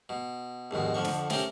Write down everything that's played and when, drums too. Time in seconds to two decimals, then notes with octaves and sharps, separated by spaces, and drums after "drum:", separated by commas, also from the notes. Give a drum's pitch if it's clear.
0.09 B2
0.71 A#1 D#2 G#2 B2
0.94 F2 D3 F3 C#6
1.05 drum: snare
1.30 A3 C4 C#4 G4 A#4, drum: snare